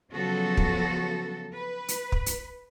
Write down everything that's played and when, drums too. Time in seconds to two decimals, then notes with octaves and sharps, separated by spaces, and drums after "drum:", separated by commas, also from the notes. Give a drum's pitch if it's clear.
0.12 C#3 F3 F#3 B3 F#4 A4
0.57 drum: kick
1.54 B4
1.88 drum: hi-hat
2.12 drum: kick
2.26 drum: hi-hat